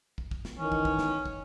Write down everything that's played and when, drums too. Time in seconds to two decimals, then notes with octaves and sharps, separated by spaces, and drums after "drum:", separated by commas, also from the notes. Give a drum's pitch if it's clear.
0.18 drum: kick
0.31 drum: kick
0.45 drum: snare
0.58 D#3 E3 C#4
0.72 drum: kick
0.85 drum: kick
0.99 drum: snare
1.26 drum: kick